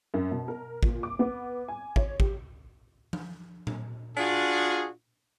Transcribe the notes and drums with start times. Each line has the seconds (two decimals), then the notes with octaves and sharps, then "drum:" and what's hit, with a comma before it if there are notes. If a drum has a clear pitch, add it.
0.14 F#2
0.31 B2
0.48 A#4
0.83 A#2, drum: kick
1.03 D6
1.19 B3
1.68 G#5
1.96 C#5, drum: kick
2.20 G4, drum: kick
3.13 drum: tom F3
3.67 drum: tom A#2
4.17 D4 F4 F#4 G#4